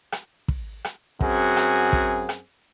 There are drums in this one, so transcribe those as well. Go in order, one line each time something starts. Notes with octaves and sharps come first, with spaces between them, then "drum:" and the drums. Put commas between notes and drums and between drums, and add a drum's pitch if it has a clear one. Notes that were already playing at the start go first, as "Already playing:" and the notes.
drum: rim click
drum: kick
drum: rim click
F#2 C4 F#4 G#4, drum: kick
drum: rim click
drum: kick
drum: rim click